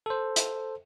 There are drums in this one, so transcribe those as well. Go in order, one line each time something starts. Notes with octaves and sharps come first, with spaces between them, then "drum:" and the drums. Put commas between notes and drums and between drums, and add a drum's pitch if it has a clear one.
A4 C5
drum: hi-hat